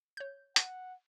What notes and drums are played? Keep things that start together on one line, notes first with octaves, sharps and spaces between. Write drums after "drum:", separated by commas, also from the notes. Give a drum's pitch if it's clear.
C#5 G6
F#5, drum: hi-hat